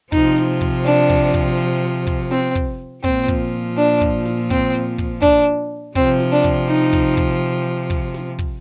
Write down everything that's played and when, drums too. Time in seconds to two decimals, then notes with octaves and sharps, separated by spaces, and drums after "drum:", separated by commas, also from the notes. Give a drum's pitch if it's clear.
0.12 C3 F3 D#4, drum: kick
0.37 drum: snare
0.61 drum: kick
0.85 D4
1.10 drum: kick
1.34 drum: kick
2.07 drum: kick
2.31 C4, drum: snare
2.55 drum: kick
3.04 A#2 F3 C4, drum: kick
3.28 drum: kick
3.77 D4
4.01 drum: kick
4.25 drum: snare
4.50 C4, drum: kick
4.98 drum: kick
5.22 D4, drum: kick
5.95 C3 F3 C4, drum: kick
6.20 drum: snare
6.32 D4
6.44 drum: kick
6.68 D#4
6.93 drum: kick
7.17 drum: kick
7.90 drum: kick
8.14 drum: snare
8.39 drum: kick